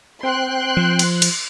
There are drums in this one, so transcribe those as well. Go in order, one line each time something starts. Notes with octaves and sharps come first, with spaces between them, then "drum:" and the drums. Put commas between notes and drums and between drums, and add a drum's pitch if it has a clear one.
C4 G5 C6 F#6
F3
drum: cymbal
drum: cymbal